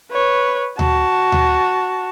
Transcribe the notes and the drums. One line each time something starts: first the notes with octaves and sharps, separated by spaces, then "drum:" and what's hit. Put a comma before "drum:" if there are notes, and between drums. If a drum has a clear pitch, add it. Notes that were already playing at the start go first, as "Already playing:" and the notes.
B4 C#5
F#4 A5, drum: tom D2
drum: tom D2